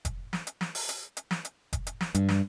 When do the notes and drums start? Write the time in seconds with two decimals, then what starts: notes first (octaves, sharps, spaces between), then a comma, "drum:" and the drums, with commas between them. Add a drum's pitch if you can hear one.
0.05 drum: kick F1, hi-hat
0.33 drum: snare
0.47 drum: hi-hat
0.61 drum: snare
0.75 drum: open hi-hat
0.89 drum: hi-hat
1.17 drum: hi-hat
1.31 drum: snare
1.45 drum: hi-hat
1.73 drum: kick F1, hi-hat
1.87 drum: hi-hat
2.01 drum: snare
2.15 G2, drum: hi-hat
2.29 drum: snare